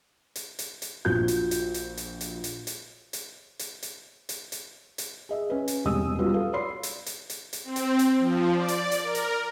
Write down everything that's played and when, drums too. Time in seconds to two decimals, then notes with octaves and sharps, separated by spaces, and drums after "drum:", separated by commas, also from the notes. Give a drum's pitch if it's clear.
0.36 drum: hi-hat
0.59 drum: hi-hat
0.82 drum: hi-hat
1.05 A#1 F3 F#4 G6
1.28 drum: hi-hat
1.51 drum: hi-hat
1.74 drum: hi-hat
1.97 drum: hi-hat
2.21 drum: hi-hat
2.44 drum: hi-hat
2.67 drum: hi-hat
3.13 drum: hi-hat
3.59 drum: hi-hat
3.83 drum: hi-hat
4.29 drum: hi-hat
4.52 drum: hi-hat
4.98 drum: hi-hat
5.29 G#4 D#5 E5
5.50 C#4 B4
5.68 drum: hi-hat
5.85 E1 C2 G#3 D#5 D#6 E6
6.19 F#3 G3 B3 C#4 F4 F#4
6.34 A4 B4 F5
6.53 C#5 D5 B5 C6 C7
6.83 drum: hi-hat
7.06 drum: hi-hat
7.30 drum: hi-hat
7.53 drum: hi-hat
7.64 C4
7.76 drum: hi-hat
7.99 drum: hi-hat
8.19 F3
8.52 D5
8.68 drum: hi-hat
8.92 drum: hi-hat
9.03 A#4
9.15 drum: hi-hat